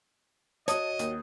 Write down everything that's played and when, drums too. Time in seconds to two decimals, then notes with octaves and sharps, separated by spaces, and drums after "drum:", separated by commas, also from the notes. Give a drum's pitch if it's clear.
0.68 F#4 C#5 D#5 A5 D#6, drum: hi-hat
0.99 D#2, drum: hi-hat